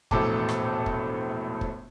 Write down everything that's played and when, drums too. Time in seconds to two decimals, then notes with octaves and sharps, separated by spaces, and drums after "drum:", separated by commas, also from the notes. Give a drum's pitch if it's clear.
0.11 E1 A#1 A2 A4 A5 D6, drum: kick
0.49 drum: rim click
0.86 drum: kick
1.61 drum: kick